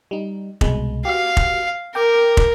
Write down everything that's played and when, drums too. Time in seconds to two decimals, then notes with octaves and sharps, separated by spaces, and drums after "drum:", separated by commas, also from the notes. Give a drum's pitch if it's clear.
0.11 G3 D#4
0.61 C2 B2 G#3, drum: kick
1.05 F#4 G4 F5
1.37 drum: kick
1.95 A#4 G5 D6
2.37 drum: kick